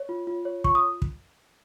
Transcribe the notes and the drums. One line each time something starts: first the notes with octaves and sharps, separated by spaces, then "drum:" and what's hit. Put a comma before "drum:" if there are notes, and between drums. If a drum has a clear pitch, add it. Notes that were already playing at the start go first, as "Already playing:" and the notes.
Already playing: C#5
F4
F4
C#5
F4 C#6, drum: kick
D#6
drum: kick